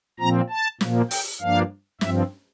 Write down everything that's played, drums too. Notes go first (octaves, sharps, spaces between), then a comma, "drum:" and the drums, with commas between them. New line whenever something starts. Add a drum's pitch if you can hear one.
A#2 F3 C4 A#5
A5
A#2 F3 A#3, drum: snare
G5, drum: open hi-hat
G2 F3 A#3 D4 F5
G2 F3 C4 E5, drum: snare